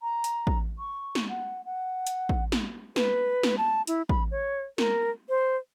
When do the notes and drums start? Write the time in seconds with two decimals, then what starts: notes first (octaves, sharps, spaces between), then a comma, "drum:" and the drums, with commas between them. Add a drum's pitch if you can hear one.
0.01 A#5
0.24 drum: hi-hat
0.47 drum: kick
0.79 C#6
1.15 drum: snare
1.28 F#5
1.65 F#5
2.07 drum: hi-hat
2.29 drum: kick
2.52 drum: snare
2.96 B4, drum: snare
3.43 drum: snare
3.58 A5
3.87 E4, drum: hi-hat
4.09 B5, drum: kick
4.31 C#5
4.78 A#4, drum: snare
5.29 C5